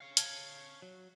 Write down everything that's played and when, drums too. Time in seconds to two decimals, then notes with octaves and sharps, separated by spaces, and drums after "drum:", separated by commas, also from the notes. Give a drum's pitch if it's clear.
0.01 C#5 F5
0.17 A5 F6 G#6, drum: hi-hat
0.82 F#3